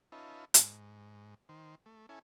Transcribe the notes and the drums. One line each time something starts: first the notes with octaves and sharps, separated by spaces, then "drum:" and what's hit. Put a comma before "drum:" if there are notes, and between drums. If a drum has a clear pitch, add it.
C#4 D#4 F4 B4 E5 A5
G#2, drum: hi-hat
D#3 C5
A3
C#4 E4 A4 G#5